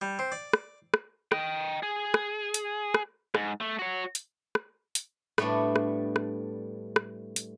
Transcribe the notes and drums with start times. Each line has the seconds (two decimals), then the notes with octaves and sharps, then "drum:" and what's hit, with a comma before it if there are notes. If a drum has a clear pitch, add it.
0.01 G3
0.19 C4
0.32 D5
0.53 drum: rim click
0.94 drum: rim click
1.32 D#5 G5, drum: rim click
1.83 G#4
2.14 drum: rim click
2.54 drum: hi-hat
2.94 drum: rim click
3.35 G#2, drum: rim click
3.61 A3
3.79 F#4 C#5
4.15 drum: hi-hat
4.55 drum: rim click
4.95 drum: hi-hat
5.38 A2 G3 A3 B3 D4, drum: rim click
5.76 drum: rim click
6.16 drum: rim click
6.96 drum: rim click
7.36 drum: hi-hat